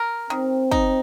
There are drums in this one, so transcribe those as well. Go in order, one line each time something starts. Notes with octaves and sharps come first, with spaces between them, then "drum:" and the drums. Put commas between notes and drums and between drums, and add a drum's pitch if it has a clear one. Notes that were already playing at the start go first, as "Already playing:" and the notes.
Already playing: A#4
D#3 C4
D#4, drum: kick